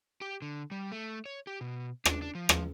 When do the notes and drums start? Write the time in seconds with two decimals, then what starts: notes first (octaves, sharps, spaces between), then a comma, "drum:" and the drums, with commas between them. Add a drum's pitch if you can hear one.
0.21 G4
0.42 D3
0.71 G3
0.92 A3
1.26 C#5
1.47 G4
1.61 B2
2.05 D4, drum: rim click
2.22 D4
2.35 F3
2.49 drum: rim click